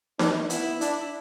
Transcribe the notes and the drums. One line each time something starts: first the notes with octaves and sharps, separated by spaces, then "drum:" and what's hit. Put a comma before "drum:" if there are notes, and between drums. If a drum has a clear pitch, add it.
D4, drum: snare D#4
B3 E4, drum: hi-hat
D4 E4, drum: hi-hat